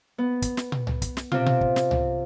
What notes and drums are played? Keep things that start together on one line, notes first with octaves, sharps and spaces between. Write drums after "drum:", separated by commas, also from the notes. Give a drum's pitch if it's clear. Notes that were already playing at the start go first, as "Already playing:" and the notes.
B3
drum: kick, hi-hat
drum: snare
drum: tom
drum: tom C2
drum: kick, hi-hat
drum: snare
C3 C4 F4, drum: tom
drum: tom
drum: kick
drum: snare
drum: tom C2